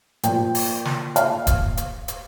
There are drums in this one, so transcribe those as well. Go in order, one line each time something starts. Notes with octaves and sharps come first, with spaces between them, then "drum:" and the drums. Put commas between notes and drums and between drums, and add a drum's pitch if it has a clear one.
A#2 F3 G5, drum: hi-hat
drum: open hi-hat
drum: snare
F5, drum: hi-hat
drum: kick D#1, hi-hat
drum: hi-hat
drum: hi-hat